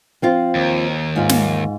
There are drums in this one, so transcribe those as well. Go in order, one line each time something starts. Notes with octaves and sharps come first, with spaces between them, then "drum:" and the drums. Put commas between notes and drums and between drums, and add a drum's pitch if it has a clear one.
F3 C4 F4
D#2
G#2 F4
drum: snare